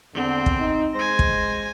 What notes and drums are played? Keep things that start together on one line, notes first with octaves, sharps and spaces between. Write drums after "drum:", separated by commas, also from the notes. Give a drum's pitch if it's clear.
E2 D3 C4
drum: kick
D#4
G#3 C5 G#5 A#6
drum: kick